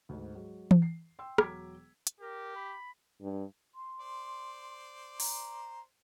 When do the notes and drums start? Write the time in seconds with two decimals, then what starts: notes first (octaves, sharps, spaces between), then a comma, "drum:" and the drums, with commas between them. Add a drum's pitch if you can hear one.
0.09 D2 G#2
0.35 F#3 G#3
0.71 drum: tom E3
0.82 C7
1.19 G5 C6 E6
1.38 E1 F#3 A#5 D6 G#6 B6, drum: rim click
2.07 drum: hi-hat
2.21 G4 A#4
2.56 B5
3.21 G2
3.75 C6
4.00 C5 D5
5.20 A#5, drum: open hi-hat